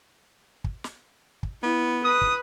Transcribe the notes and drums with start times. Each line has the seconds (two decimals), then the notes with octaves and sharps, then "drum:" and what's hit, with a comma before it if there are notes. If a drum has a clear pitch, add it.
0.65 drum: kick
0.84 drum: snare
1.43 drum: kick
1.63 B3 E4
2.05 B4 D#6
2.22 drum: kick